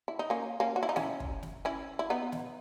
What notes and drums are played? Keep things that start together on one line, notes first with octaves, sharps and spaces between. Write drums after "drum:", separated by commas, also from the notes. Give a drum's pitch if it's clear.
E4
D#4
A#3 C#4
A#3 C#4
F#4
E4
D#4
C#4 E4, drum: snare
drum: kick
drum: snare
C#4 E4
E4
B3 D#4
drum: snare